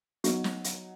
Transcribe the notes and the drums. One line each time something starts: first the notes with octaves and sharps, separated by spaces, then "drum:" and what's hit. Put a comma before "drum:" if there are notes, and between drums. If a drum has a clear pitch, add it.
F#3 B3 D#4 F#4, drum: hi-hat
drum: snare
drum: hi-hat